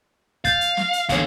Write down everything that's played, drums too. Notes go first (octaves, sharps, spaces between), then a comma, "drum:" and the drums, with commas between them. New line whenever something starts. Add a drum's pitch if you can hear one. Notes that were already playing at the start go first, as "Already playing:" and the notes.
F5 G6 A6, drum: kick, hi-hat
drum: hi-hat
drum: snare
drum: hi-hat
E2 D3 C#5 F5, drum: kick, hi-hat